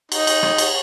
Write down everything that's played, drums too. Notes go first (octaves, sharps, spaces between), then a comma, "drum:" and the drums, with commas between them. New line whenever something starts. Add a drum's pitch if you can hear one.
D#4, drum: cymbal
drum: cymbal
drum: rim click
drum: cymbal